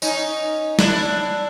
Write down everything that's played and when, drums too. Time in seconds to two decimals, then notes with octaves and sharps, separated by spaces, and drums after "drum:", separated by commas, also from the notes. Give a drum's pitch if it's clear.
0.02 C#4 D#4, drum: tambourine
0.79 D4 E4, drum: snare